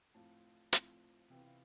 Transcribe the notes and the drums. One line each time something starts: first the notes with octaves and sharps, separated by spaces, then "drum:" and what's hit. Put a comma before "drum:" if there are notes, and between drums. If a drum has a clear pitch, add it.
A2 F3 C4 F4 A5
A2 F3 C4 F4, drum: hi-hat
C3 E3 B3 F4 G5
F5